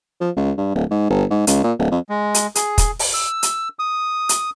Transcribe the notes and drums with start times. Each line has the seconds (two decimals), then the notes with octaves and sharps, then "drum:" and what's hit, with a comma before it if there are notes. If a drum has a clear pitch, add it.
0.21 F3
0.37 C#2
0.58 G2
0.75 D1
0.90 G#2
1.10 G1
1.30 G#2
1.47 C#2, drum: hi-hat
1.64 A#2
1.79 D1
1.91 F2
2.09 G#3
2.34 drum: hi-hat
2.55 G#4, drum: hi-hat
2.78 drum: kick, hi-hat
2.99 drum: open hi-hat
3.14 E6
3.43 drum: hi-hat
3.79 D#6
4.29 drum: hi-hat